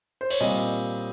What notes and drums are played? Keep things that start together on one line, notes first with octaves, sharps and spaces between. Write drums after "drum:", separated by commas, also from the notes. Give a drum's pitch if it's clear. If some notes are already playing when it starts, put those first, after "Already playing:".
C5
C#5, drum: cymbal
A#2 G3 C4 D#5